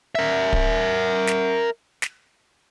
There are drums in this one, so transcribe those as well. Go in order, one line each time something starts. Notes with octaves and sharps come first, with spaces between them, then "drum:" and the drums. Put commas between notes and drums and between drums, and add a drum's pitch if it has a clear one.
A#4 E5
drum: kick D1
drum: snare
drum: snare